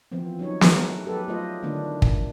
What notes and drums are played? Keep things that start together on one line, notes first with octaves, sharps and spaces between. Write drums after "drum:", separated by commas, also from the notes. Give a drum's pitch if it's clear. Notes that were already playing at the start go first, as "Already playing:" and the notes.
E3 F3 B3 C4
F#3 C#4 D#4 C#5
F#3 A3 B3 G#4 A#4 B4, drum: snare
F#3 G4 A4 B4
F#3 A3 F4 C5 D#5
D3 D#3 A3 B3 D4 E4
drum: kick